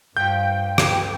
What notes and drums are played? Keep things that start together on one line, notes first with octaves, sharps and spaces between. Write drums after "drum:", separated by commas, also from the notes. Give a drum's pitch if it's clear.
G2 F3 F5 G5 G6
drum: rim click